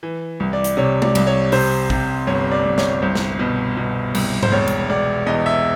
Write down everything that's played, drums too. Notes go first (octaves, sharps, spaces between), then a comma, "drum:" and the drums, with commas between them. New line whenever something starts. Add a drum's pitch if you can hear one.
E3
C2
D5
drum: hi-hat
C3 C#5
D5, drum: tom G#3
C2, drum: cymbal
C#5
C3 C5, drum: open hi-hat
C3, drum: kick
G1 C#5
D5
G1
C#5, drum: snare
C2 C5
drum: snare
B2
B2
C2, drum: cymbal
C5, drum: tom G#2
E1 C#5
drum: hi-hat
E1 D5
E2 D#5
E5